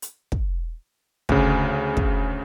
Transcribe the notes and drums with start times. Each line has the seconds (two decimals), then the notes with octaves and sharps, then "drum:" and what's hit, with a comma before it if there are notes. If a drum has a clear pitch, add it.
0.02 drum: hi-hat
0.32 drum: kick
1.29 D2 C#3, drum: kick
1.97 drum: kick